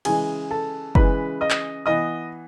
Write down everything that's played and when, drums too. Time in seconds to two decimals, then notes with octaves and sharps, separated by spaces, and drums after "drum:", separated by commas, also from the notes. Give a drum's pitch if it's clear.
0.05 C#3 E3 G#3 G#4 G#5, drum: cymbal
0.51 A4 A5
0.95 C#3 E3 G#3 B4 B5, drum: kick F#1
1.41 D#5 D#6
1.50 drum: clap
1.86 E3 B3 D#5 D#6